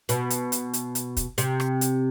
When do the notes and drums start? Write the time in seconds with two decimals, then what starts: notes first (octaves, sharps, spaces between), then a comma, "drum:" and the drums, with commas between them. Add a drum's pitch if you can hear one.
0.09 B2, drum: hi-hat
0.30 drum: hi-hat
0.52 drum: hi-hat
0.73 drum: hi-hat
0.95 drum: hi-hat
1.17 drum: kick, hi-hat
1.38 C3, drum: hi-hat
1.60 drum: rim click
1.81 drum: hi-hat